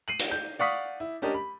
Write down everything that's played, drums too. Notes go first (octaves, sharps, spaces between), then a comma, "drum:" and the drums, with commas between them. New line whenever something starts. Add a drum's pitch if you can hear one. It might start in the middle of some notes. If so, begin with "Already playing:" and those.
C7 D#7 F#7
drum: hi-hat
G6
D5 F5 F#5 C#6 D#6 B6
E4
C#4 D4 G4 A#4 D#5
B5